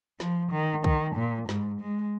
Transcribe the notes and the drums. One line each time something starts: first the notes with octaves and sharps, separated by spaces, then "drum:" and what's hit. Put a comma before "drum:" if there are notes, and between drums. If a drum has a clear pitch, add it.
F3, drum: snare
D#3
D#3, drum: kick
A#2
G#2, drum: snare
G#3